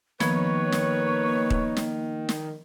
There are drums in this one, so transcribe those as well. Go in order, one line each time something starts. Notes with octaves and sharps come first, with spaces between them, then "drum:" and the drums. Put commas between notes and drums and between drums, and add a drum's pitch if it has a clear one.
D#3 F3 A#3 B3 B4 C#5, drum: snare
drum: snare
drum: kick D#1
drum: snare
drum: snare